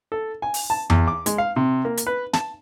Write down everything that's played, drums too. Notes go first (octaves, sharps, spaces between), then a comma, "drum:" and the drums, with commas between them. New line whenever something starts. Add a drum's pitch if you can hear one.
A4
G#5
drum: open hi-hat
A5
E2, drum: tom F2
D6
G#3, drum: hi-hat
F5
C3
A#3
drum: hi-hat
B4
A5, drum: snare